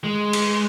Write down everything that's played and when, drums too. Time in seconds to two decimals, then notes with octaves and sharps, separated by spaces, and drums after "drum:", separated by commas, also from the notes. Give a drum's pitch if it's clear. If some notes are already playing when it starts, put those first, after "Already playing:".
0.04 G#3
0.33 drum: cymbal